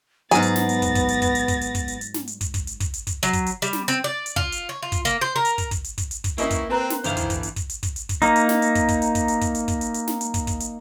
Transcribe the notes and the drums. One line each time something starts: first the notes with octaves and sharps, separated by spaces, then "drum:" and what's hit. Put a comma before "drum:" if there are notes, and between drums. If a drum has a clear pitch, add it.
G#2 F#3 B3 G#4 A6 A#6, drum: hi-hat
drum: hi-hat
drum: snare
drum: hi-hat
drum: kick, hi-hat
drum: kick, hi-hat
drum: hi-hat
drum: kick, hi-hat
drum: hi-hat
drum: kick, hi-hat
drum: hi-hat
drum: kick, hi-hat
drum: hi-hat
drum: hi-hat
drum: snare
drum: hi-hat
drum: kick, hi-hat
drum: kick, hi-hat
drum: hi-hat
drum: kick, hi-hat
drum: hi-hat
drum: kick, hi-hat
F#3, drum: hi-hat
drum: kick, hi-hat
drum: hi-hat
G3, drum: hi-hat
drum: snare
C4, drum: hi-hat
D5
drum: hi-hat
F4, drum: kick
drum: hi-hat
C#5
F4
drum: kick, hi-hat
A#3, drum: hi-hat
C5
A#4
drum: hi-hat
drum: kick, hi-hat
drum: kick, hi-hat
drum: hi-hat
drum: kick, hi-hat
drum: hi-hat
drum: kick, hi-hat
D#3 E3 A#3 C#4 E4 D#5 C#6, drum: hi-hat
drum: kick, hi-hat
C4 B4 A#5 F#6
drum: snare
G1 D#3 E3 E4 C5 F5, drum: hi-hat
drum: kick, hi-hat
drum: kick, hi-hat
drum: hi-hat
drum: kick, hi-hat
drum: hi-hat
drum: kick, hi-hat
drum: hi-hat
drum: kick, hi-hat
A#3 D#4, drum: hi-hat
drum: hi-hat
drum: snare
drum: hi-hat
drum: kick, hi-hat
drum: kick, hi-hat
drum: hi-hat
drum: kick, hi-hat
drum: hi-hat
drum: kick, hi-hat
drum: hi-hat
drum: kick, hi-hat
drum: hi-hat
drum: hi-hat
drum: snare
drum: hi-hat
drum: kick, hi-hat
drum: kick, hi-hat
drum: hi-hat